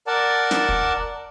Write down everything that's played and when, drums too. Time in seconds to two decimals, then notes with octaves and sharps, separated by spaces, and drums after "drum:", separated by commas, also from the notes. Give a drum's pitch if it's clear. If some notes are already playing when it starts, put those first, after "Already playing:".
0.07 A#4 D5 F#5 A5
0.51 drum: snare
0.69 drum: kick